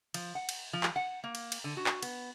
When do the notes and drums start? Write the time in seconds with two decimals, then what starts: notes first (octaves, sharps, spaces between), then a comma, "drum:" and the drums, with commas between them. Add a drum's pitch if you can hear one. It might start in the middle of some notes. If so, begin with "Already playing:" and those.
0.14 F3, drum: cymbal
0.35 F#5
0.49 drum: cymbal
0.73 F3
0.83 drum: clap
0.96 F#5
1.24 A#3
1.35 drum: cymbal
1.52 drum: cymbal
1.64 D3
1.77 F#4
1.86 drum: clap
2.03 B3, drum: cymbal